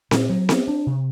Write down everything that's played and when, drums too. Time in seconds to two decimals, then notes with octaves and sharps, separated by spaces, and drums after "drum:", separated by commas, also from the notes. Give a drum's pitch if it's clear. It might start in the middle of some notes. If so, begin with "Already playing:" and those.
0.11 A#2, drum: snare C4
0.30 F#3
0.49 B3, drum: snare C4
0.68 D4
0.87 C3